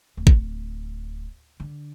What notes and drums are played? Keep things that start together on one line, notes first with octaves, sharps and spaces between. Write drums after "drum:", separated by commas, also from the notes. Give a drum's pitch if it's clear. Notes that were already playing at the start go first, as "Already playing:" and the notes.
D1
drum: kick G#1
D3